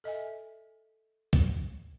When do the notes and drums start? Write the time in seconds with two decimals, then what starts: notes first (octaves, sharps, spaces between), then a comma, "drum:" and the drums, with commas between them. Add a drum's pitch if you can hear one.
0.04 A4 D#5 E5 G#5
1.33 drum: kick